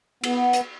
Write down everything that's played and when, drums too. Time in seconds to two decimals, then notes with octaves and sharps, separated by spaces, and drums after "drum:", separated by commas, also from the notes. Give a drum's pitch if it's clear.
0.24 B3, drum: cymbal
0.53 drum: hi-hat